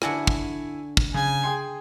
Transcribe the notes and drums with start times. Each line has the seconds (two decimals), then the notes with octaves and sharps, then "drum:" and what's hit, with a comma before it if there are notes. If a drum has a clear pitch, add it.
0.02 D3 D4 E4 F#4 G#5 C#7, drum: rim click
0.27 drum: kick
0.97 drum: kick
1.14 C#3 G#5
1.44 G#4 G5 C6